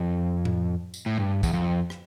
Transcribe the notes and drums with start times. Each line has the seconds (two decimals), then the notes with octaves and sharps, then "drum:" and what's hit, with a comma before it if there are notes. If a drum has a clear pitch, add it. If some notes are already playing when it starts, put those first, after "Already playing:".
Already playing: F2
0.45 drum: tom A2
0.94 drum: tambourine
1.06 A2
1.18 G2
1.43 E2, drum: kick, tambourine
1.53 F2
1.90 drum: rim click